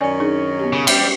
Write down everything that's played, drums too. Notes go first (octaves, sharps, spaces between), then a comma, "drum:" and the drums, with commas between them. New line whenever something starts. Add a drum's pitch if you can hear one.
F#2 D#3 C#4 D5 G#5
D4 D#4 G#4
B3 G4
C#3
G3 G4 E5, drum: cymbal